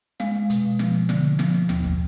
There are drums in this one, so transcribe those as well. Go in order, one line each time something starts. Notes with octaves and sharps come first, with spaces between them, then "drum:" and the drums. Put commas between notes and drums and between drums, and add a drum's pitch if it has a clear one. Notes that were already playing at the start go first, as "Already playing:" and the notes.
G#3 F5, drum: snare
B2, drum: hi-hat
F3, drum: snare
D3, drum: snare
F3, drum: snare
D#2, drum: snare
drum: kick